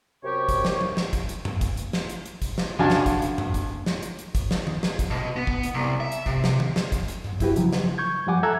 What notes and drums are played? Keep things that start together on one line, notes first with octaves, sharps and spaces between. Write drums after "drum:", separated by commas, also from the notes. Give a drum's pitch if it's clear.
F#2 C3 G4 C#5 C#6
drum: kick, hi-hat
drum: snare
drum: tom F#3
drum: snare
drum: kick, hi-hat
drum: hi-hat
drum: tom F2
drum: kick, hi-hat
drum: hi-hat
drum: snare
drum: hi-hat
drum: hi-hat
drum: kick, hi-hat
drum: snare
B1 C#3 D4 F#4 G#5 A5
drum: snare
drum: kick, hi-hat
drum: hi-hat
drum: tom F2
drum: kick, hi-hat
drum: snare
drum: hi-hat
drum: hi-hat
drum: kick, hi-hat
drum: snare
drum: tom D#3
drum: snare
drum: kick, hi-hat
B2
B3
drum: kick
drum: hi-hat
C2
E5
drum: hi-hat
C3, drum: kick
drum: snare
drum: tom D#3
drum: snare
drum: kick, hi-hat
drum: hi-hat
drum: tom G2
C#2 F#2 E4 F#4 G4 B4, drum: kick, hi-hat
C#3 F3 F#3, drum: hi-hat
drum: snare
C#6 G6 G#6
F#2 F3 G3 F#5 G#5 D6
A4 E5 A#5 E6 F#6 G#6